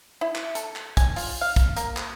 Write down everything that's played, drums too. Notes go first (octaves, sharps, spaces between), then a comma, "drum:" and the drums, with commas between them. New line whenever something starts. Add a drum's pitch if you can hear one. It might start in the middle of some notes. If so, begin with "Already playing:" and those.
E4
drum: clap
A4, drum: hi-hat
drum: clap
G#5, drum: kick, hi-hat
F4, drum: open hi-hat
F5
drum: kick, hi-hat
A#3, drum: hi-hat
drum: clap